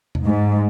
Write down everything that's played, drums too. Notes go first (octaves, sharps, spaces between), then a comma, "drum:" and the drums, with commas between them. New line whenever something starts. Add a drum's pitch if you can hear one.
drum: tom E2
G#2